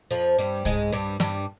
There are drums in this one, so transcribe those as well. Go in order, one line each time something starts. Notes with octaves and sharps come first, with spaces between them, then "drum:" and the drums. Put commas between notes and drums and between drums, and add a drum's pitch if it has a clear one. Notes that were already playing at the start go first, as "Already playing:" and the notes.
F2 F3
G2 G3
G#2 G#3, drum: kick C2
G2 G3
G2 G3, drum: snare